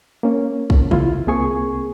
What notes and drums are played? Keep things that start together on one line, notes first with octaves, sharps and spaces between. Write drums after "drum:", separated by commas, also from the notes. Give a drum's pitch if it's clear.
A#3 C#4
drum: kick
E4 F4, drum: tom C3
C2 A#3 C4 G#4 G#5 C#6